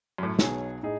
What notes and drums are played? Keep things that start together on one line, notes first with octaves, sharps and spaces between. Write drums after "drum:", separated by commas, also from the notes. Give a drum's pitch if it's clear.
F#2 A2
B1 B2 F#3 G#4, drum: snare
A2 D#4 G#4